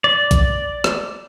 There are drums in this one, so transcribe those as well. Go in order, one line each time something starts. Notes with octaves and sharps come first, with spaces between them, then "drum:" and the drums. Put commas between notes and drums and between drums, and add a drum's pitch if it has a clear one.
D5
drum: kick, hi-hat
drum: rim click